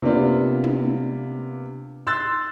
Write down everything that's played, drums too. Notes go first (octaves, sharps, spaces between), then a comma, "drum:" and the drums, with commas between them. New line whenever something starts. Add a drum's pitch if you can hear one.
C3 A#3 B3 D4 F4
drum: tom
C6 E6 F#6 A6